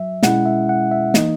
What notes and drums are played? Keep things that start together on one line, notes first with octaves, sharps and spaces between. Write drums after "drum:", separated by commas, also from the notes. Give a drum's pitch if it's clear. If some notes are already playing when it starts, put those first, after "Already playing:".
Already playing: F#3 E5
B2 G#3 C#4 E4 F#5, drum: snare
E5
F#5
E5
E3 A#3 D#4 D#5, drum: snare